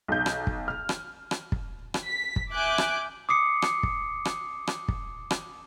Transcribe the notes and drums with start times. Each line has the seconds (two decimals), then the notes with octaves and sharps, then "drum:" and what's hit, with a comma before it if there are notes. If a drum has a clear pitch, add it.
0.08 B1 G6
0.26 drum: rim click
0.47 drum: kick
0.68 F6
0.89 drum: rim click
1.31 drum: rim click
1.52 drum: kick
1.94 drum: rim click
2.06 B6
2.36 drum: kick
2.53 E5 G#5 D6 F#6 G6 D7
2.78 drum: rim click
3.29 D6 D#6 C7 C#7
3.62 drum: rim click
3.83 drum: kick
4.25 drum: rim click
4.67 drum: rim click
4.88 drum: kick
5.31 drum: rim click